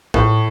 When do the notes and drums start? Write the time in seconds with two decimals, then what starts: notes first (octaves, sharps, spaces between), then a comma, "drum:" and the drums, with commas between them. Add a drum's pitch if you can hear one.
0.14 A2, drum: kick